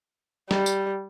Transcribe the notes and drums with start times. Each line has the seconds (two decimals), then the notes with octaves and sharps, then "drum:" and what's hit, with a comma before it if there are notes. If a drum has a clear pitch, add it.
0.51 G3, drum: snare
0.66 drum: tambourine